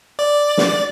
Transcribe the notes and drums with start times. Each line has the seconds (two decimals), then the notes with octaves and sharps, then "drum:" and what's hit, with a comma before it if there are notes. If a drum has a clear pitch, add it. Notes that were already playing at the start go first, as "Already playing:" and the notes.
0.19 D5
0.58 drum: snare